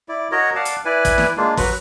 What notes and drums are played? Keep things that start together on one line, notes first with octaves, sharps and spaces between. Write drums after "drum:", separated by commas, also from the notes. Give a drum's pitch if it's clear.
E4 D5
F#4 A#4 C#5 D#5
D5 F5 F#5 A5
drum: hi-hat
E4 B4 D5 G#5
drum: kick, hi-hat
drum: snare
G#3 A#3 D4 F4
F#3 F#4 B4, drum: kick, open hi-hat